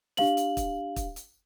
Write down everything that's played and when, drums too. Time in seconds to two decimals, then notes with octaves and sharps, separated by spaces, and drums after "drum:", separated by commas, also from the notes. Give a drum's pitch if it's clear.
0.17 D4 G4 F5 F#7, drum: snare
0.37 drum: hi-hat
0.57 drum: kick, hi-hat
0.96 drum: kick, hi-hat
1.16 drum: hi-hat